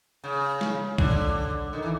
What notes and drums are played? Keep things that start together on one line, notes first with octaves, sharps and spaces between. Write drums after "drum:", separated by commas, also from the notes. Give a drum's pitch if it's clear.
C#3
drum: snare
D3, drum: kick
D#3
E3